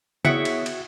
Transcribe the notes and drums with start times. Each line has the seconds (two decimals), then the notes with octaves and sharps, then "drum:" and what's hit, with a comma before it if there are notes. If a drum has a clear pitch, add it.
0.25 B3 E4 F#4 G#4 C#5 E5 G5 C#7, drum: tom C#3
0.45 drum: cymbal
0.66 drum: cymbal